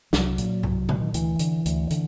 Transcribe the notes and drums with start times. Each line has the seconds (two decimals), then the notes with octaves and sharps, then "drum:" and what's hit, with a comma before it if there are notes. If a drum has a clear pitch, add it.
0.13 C2 F#3, drum: snare
0.38 A#2, drum: hi-hat
0.63 C2, drum: tom G#2
0.89 A#2 D3, drum: tom C3
1.01 D#3
1.14 D2 E3, drum: hi-hat
1.39 D3, drum: hi-hat
1.66 D2, drum: hi-hat
1.90 D3, drum: hi-hat